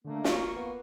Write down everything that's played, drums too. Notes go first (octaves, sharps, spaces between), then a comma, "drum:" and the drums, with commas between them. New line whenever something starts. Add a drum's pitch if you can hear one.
D3 A3 A#3
F4 C#6, drum: snare
B3